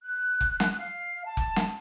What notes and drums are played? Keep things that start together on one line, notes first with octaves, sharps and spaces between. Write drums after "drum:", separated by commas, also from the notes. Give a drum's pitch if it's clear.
F#6
drum: kick F1
drum: snare
F5
A5
drum: kick F1
drum: snare